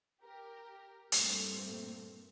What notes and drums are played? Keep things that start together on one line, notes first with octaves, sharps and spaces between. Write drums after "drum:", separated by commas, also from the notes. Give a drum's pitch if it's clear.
G4 A#4
G2 A#2 A3 A#3 C4, drum: hi-hat